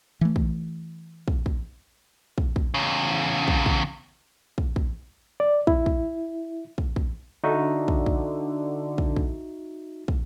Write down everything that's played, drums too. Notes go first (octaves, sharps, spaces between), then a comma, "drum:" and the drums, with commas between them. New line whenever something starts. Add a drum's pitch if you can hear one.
E3 A3
drum: kick
drum: kick
drum: kick
drum: kick
drum: kick
E2 C#3
drum: kick
drum: kick
drum: kick
drum: kick
D5
E4, drum: kick
drum: kick
drum: kick
drum: kick
D3 D#4 F#4 E5
drum: kick
drum: kick
drum: kick
drum: kick
drum: kick